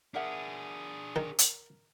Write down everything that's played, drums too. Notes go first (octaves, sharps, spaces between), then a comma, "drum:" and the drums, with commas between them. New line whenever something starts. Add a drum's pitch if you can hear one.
D4 G#4 A#4 E5 F#5
D#3 A#4
drum: hi-hat